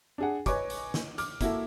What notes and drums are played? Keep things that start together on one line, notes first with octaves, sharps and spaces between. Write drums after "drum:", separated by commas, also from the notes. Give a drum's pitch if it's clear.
D4 G#4 F#5
B4 C#5 D#5 G#5 C#6 D6, drum: kick, hi-hat
drum: hi-hat
drum: snare
D6 F6, drum: hi-hat
A#3 E4 F#4 A4 E5, drum: kick, hi-hat